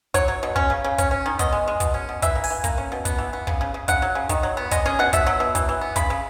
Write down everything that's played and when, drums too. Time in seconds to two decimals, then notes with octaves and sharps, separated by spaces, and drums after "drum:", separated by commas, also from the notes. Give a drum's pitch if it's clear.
0.14 F#3 C#5, drum: kick, hi-hat
0.28 F#3
0.43 B2
0.56 C#4, drum: kick
0.70 C#3
0.84 C#3
0.98 C#4, drum: kick, hi-hat
1.11 C#4
1.26 D#3
1.39 B3 D#5, drum: kick, hi-hat
1.52 G#3
1.68 G#3
1.80 B2, drum: kick, hi-hat
1.94 C#4
2.09 B2
2.22 E3 E5, drum: kick, hi-hat
2.35 A#3
2.44 G#5, drum: open hi-hat
2.50 E3
2.64 A#3, drum: kick, hi-hat
2.78 C#4
2.92 B2
3.05 B3, drum: kick, hi-hat
3.18 E3
3.33 B3
3.47 C#3, drum: kick
3.61 C#3
3.74 C#3
3.88 C#3 F#5, drum: kick, hi-hat
4.02 F#3
4.15 C#3
4.29 D#3, drum: kick, hi-hat
4.43 F#3
4.57 B3
4.71 G#3 D#5, drum: kick, hi-hat
4.86 C#4 G#4
4.99 B2 F#5
5.13 B2 E5, drum: kick, hi-hat
5.27 F#3
5.40 B2
5.55 E3, drum: kick, hi-hat
5.69 E3
5.81 B3
5.96 C#3 B5, drum: kick, hi-hat
6.10 C#3